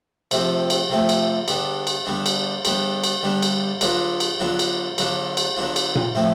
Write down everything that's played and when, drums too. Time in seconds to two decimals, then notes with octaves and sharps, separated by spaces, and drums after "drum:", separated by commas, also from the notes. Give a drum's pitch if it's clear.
0.31 C3 F3 A3 C4, drum: cymbal
0.70 drum: cymbal
0.90 C3 F3 A3 C4
1.09 drum: cymbal
1.48 D3 G3 B3 D4, drum: cymbal
1.87 drum: cymbal
2.06 D3 G3 B3 D4
2.26 drum: cymbal
2.65 D3 G3 B3 D4, drum: cymbal
3.04 drum: cymbal
3.23 D3 G3 B3 D4
3.42 drum: cymbal
3.81 D3 F#3 B3 D4 F4, drum: cymbal
4.20 drum: cymbal
4.40 D3 F#3 B3 D4 F4
4.59 drum: cymbal
4.98 D3 F#3 B3 D4 F4, drum: cymbal
5.37 drum: cymbal
5.56 D3 F#3 B3 D4 F4
5.76 drum: cymbal
5.95 drum: tom A#2
6.15 A2 F3 A3 C4